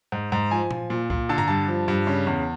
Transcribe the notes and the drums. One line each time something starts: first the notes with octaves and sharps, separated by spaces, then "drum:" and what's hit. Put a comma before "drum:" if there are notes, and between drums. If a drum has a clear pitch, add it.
G#2
G#2
F3 G#5
F3, drum: tom A#2
A#2
A#2, drum: kick C2
D3 A5
A#5, drum: tom G2
G2 A5
F3
G2
C#3
E2